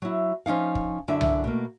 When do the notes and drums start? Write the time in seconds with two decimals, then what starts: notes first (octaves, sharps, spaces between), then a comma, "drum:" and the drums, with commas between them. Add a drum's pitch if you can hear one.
0.02 F#3 E4
0.46 F3 C#4 D#4 F5
0.75 drum: kick
1.08 F#2 D3 F#3 D4 E4 E5
1.21 drum: tom C2
1.44 B2 A3 A#3